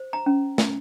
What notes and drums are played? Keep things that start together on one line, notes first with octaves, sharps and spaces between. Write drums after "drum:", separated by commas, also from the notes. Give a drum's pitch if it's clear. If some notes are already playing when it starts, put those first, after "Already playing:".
Already playing: C5
A#5
C#4
drum: snare